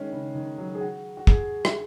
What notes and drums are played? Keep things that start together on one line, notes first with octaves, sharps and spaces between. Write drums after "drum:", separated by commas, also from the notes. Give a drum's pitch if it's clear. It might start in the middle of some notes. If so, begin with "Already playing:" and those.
Already playing: D#3 G#3 C#4
C#3
D#3
F#3
G#4
F#4
F#4
G#4, drum: kick
drum: rim click